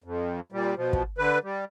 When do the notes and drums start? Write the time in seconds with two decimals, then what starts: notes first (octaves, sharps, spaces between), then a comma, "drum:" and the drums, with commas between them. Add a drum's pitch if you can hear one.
0.04 F2
0.52 A#2 G3
0.77 B2 F3
0.93 drum: kick
1.18 D3 B4
1.43 G3